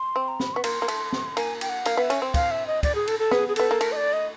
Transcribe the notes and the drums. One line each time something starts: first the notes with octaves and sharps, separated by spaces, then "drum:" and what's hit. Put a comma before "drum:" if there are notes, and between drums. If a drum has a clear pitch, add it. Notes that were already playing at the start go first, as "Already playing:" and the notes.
Already playing: C6
C4
A#5
B5, drum: snare
B3 C#6
A#3 C6, drum: cymbal
A#3
A3, drum: cymbal
drum: snare
A#3 G#5, drum: cymbal
G5, drum: cymbal
F#5
A#3 F5, drum: cymbal
B3 E5
C#4, drum: cymbal
C4
F5, drum: kick, cymbal
E5
D#5
D5, drum: kick, cymbal
G#4
A4, drum: cymbal
A4
B3 G#4, drum: snare
G#4
B3 A4, drum: cymbal
A#3
A3 A#4, drum: cymbal
D#5
D5
D#5